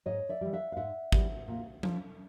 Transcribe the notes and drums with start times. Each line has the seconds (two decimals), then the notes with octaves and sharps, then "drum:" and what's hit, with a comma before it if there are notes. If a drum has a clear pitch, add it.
0.06 G#2 C#5 D#5
0.29 D5 E5
0.41 E3 G3
0.53 E5 F#5
0.72 F5
0.76 G#2 E5 F#5
1.12 E3 G3, drum: kick
1.48 A#2
1.83 F3, drum: tom F#3